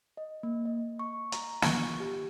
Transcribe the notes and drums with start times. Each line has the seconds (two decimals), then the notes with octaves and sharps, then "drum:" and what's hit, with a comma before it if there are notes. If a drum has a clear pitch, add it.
0.17 D#5
0.43 A#3
0.65 D#5
0.99 C#6
1.32 A#5, drum: hi-hat
1.62 C#6, drum: snare
2.00 G4